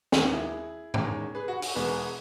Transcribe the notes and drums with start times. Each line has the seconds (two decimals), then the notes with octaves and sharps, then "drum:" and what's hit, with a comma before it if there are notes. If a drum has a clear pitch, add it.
0.12 D#2 D#3 G#3 B3 F#4, drum: snare
0.32 E4 G#4
0.94 E2 D#3 G#3 C#4, drum: tom G#2
1.35 G#4 B4
1.48 F#4
1.62 F#4, drum: open hi-hat
1.75 E1 E2 B2 G#3 B3 G#4 B4